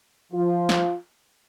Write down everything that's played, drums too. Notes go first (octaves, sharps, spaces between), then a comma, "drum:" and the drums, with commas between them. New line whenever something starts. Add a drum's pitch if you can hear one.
F3 F4
drum: snare